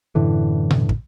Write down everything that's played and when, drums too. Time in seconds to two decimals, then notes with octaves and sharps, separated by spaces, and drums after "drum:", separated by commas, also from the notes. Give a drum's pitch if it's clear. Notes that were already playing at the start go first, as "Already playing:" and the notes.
0.15 F#2 A2 D3 E3
0.70 drum: tom A#2
0.89 drum: kick